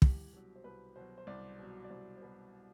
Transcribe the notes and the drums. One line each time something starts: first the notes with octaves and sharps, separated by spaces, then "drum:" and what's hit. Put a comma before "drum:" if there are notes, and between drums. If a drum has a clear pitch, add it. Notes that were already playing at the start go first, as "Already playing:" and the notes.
C2 G4, drum: kick
B2 F#3
C5
C2 B4
B2 F#3 C5
C5
C2 D5
B2 F#3
D5
C2 C5
C5
B2 F#3 B4